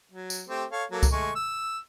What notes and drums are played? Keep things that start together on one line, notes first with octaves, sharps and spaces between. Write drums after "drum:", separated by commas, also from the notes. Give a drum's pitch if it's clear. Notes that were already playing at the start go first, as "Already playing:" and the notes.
F#3
drum: tambourine
A3 C4 G4
A4 C#5 F5
F#3 A#3 A4
drum: kick C2, tambourine
G#3 A3 C#6
E6